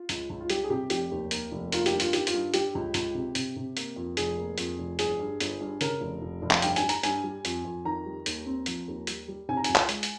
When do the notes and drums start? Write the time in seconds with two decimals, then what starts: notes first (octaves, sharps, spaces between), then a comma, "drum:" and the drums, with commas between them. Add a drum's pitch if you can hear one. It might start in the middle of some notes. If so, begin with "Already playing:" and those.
Already playing: F4
0.09 C#2, drum: hi-hat
0.30 C#2
0.41 F4
0.50 G3 G4, drum: hi-hat
0.64 G#4
0.70 C3 G4
0.90 F1 G4, drum: hi-hat
1.11 D#2
1.31 A#3, drum: hi-hat
1.52 F1
1.72 A#3 F4, drum: hi-hat
1.86 G4, drum: hi-hat
1.93 G2
2.00 F4, drum: hi-hat
2.13 D#3 G4, drum: hi-hat
2.27 F4, drum: hi-hat
2.34 G2
2.54 G3 G4, drum: hi-hat
2.75 C#2
2.94 C#2, drum: hi-hat
3.15 C3
3.35 C3, drum: hi-hat
3.56 C3
3.77 A#3, drum: hi-hat
3.96 F2
4.17 F1 G#4, drum: hi-hat
4.38 A#3
4.58 F2, drum: hi-hat
4.79 F1
4.99 G1 G#4, drum: hi-hat
5.20 G2
5.40 G1, drum: hi-hat
5.61 G2
5.81 C#3 A#4, drum: hi-hat
6.01 F1
6.22 F1
6.42 F1
6.51 F5, drum: clap
6.62 G2 G5, drum: hi-hat
6.76 G#5, drum: hi-hat
6.83 G3
6.89 A#5, drum: hi-hat
7.03 G2 G#5, drum: hi-hat
7.24 G3
7.45 F2, drum: hi-hat
7.65 F2
7.85 D#3 A#5
8.06 G3
8.26 D#2, drum: hi-hat
8.46 C4
8.66 F3, drum: hi-hat
8.88 D#2
9.07 G3, drum: hi-hat
9.28 G3
9.49 C3 G#5
9.57 A#5
9.64 C#2 G#5, drum: hi-hat
9.76 drum: clap
9.89 G#3, drum: hi-hat
10.03 drum: hi-hat